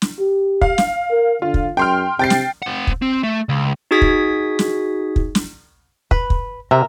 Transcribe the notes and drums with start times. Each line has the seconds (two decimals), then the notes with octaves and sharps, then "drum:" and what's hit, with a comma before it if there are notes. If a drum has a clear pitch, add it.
0.02 drum: snare
0.20 G4
0.61 F5, drum: kick
0.78 drum: snare
1.11 A#4
1.42 D3 F4
1.54 drum: kick
1.77 F#2 G5 C6 F6
2.19 C3 G5 A6 C7
2.30 drum: snare
2.62 C4 F#5
2.87 drum: kick
3.02 C4
3.23 A3
3.49 C#2
3.91 D#4 F#4 G#4 D#6 G#6 B6
4.02 drum: kick
4.59 drum: snare
5.16 drum: kick
5.35 drum: snare
6.11 B4, drum: kick
6.30 drum: kick
6.71 C3 A#4 E5